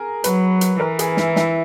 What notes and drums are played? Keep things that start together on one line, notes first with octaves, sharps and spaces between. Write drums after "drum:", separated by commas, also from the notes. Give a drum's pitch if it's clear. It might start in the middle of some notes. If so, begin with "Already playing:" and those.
Already playing: G#4 A#4
F#3 B4, drum: hi-hat
drum: hi-hat
E3 A#4
G#4, drum: hi-hat
E4, drum: snare
E4, drum: snare